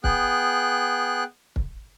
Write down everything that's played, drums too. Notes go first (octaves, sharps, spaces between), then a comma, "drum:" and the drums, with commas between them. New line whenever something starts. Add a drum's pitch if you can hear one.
B3 G#4 G5 F#6, drum: kick
drum: kick